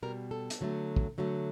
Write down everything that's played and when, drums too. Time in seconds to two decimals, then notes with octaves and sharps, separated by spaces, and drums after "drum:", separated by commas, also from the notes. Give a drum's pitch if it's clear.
0.03 B2 G3 A#4
0.31 A4
0.50 drum: hi-hat
0.61 D3 F#3 A3
0.96 drum: kick
1.18 D3 F#3 A3